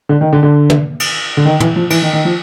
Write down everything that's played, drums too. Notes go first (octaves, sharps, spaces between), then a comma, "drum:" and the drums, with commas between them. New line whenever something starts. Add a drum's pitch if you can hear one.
D3
D#3
D3
D3
drum: tom
drum: cymbal
D3
D#3
E3, drum: tom
F3
E3, drum: cymbal
D#3
D#3
F3